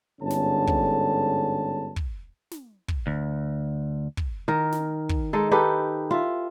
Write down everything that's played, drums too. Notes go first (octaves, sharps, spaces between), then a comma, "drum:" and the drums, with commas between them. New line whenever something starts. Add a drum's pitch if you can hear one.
G1 G#2 D3 C#4 A5
drum: snare
drum: kick
drum: kick
drum: snare
drum: kick
D2
drum: kick
D#3 A#4
drum: snare
drum: kick
G#3 D#4 A4
D#4 G4 A4 B4
F4 E5